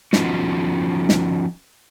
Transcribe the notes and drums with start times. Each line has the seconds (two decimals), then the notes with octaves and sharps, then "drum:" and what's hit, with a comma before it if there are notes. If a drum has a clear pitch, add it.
0.13 F3 B3 C#4 D#4 F4 F#4, drum: snare
1.09 drum: snare